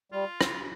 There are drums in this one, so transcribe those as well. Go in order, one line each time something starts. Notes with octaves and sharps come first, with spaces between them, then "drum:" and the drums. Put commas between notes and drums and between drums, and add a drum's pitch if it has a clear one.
G3 F4
drum: rim click